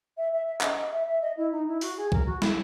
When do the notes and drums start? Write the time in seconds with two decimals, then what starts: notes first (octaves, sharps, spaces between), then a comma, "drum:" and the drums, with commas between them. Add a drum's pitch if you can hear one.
0.17 E5
0.32 E5
0.46 E5
0.61 D#5, drum: clap
0.92 E5
1.07 E5
1.21 D#5
1.36 E4
1.51 D#4
1.67 E4
1.81 F#4, drum: open hi-hat
1.96 G#4
2.12 A#4, drum: kick
2.26 F#4
2.42 E4, drum: snare